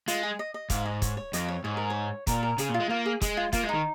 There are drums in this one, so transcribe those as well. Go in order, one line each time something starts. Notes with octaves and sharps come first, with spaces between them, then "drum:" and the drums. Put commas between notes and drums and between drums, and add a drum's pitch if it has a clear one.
G#3 F4, drum: hi-hat
G#4
D#5
D#5
G#2 F5, drum: kick, hi-hat
D#5
C#5, drum: kick, hi-hat
C#5
F2 D#5, drum: hi-hat
C#5
G#2 C#5
A#4
C#5
A#2 A#4, drum: kick, hi-hat
A#4
C#3 G#4, drum: hi-hat
A#2
F4
G#3
A#3 F4
G#4
G#3 G#4, drum: kick, hi-hat
F4
A#3 F4, drum: kick, hi-hat
G#3
D#3 D#4